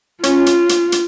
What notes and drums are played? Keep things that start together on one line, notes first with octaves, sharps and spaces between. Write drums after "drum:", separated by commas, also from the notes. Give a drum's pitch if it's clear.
C#4 F4, drum: hi-hat
drum: hi-hat
drum: hi-hat
drum: hi-hat